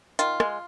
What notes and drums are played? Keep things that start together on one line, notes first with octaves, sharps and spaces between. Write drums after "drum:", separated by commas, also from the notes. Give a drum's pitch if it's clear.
D#3 F4, drum: hi-hat
G#3, drum: rim click